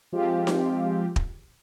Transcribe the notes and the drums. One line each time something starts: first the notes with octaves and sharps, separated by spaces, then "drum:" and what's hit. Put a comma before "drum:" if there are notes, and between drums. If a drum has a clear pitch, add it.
F3 G#3 C4 F4 G4
drum: snare D#4
drum: kick